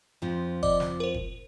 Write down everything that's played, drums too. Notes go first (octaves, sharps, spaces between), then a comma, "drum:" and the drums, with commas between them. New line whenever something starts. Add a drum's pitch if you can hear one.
F2 F3
D5 D#5 D6, drum: kick F#1
drum: snare
A#4 C5
drum: kick F#1